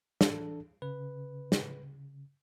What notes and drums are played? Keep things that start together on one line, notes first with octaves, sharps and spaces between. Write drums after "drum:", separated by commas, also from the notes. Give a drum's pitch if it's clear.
E3 D4 A4, drum: snare
C#3 B4
drum: snare